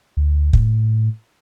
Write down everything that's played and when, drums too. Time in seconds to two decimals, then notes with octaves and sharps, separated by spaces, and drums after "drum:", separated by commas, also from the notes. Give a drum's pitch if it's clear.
0.17 D2
0.53 A2, drum: kick